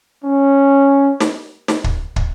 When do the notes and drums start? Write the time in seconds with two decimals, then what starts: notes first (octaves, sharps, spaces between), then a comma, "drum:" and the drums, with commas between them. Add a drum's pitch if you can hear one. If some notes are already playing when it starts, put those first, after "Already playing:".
0.24 C#4
1.20 drum: snare
1.68 drum: snare
1.84 drum: kick
2.16 drum: kick